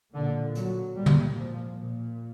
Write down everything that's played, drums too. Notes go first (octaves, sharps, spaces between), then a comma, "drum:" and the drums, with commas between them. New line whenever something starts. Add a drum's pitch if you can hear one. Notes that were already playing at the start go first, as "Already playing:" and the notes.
A#2 D3
F#3, drum: hi-hat
A#2 G3
drum: tom
F3
A#2